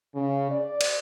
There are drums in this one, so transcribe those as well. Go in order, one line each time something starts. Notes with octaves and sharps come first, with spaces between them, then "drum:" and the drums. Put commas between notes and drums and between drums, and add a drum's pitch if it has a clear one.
C#3
D5
drum: cymbal